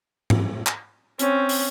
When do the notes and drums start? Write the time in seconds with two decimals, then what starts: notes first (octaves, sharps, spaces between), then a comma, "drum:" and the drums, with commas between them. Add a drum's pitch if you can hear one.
0.30 drum: tom G#2
0.67 drum: clap
1.19 C4 C#4, drum: hi-hat
1.49 drum: open hi-hat